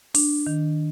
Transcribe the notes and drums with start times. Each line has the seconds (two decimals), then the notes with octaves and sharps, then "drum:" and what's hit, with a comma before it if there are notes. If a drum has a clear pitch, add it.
0.15 D4, drum: open hi-hat
0.47 D#3